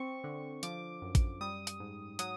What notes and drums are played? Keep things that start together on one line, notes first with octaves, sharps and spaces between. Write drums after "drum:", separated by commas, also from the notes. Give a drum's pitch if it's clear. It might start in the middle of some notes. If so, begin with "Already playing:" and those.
Already playing: C4 C#6
D3
F3 D6, drum: hi-hat
F#2
drum: kick A1, hi-hat
G3 D#6
drum: hi-hat
G#2
F#3 D#6, drum: hi-hat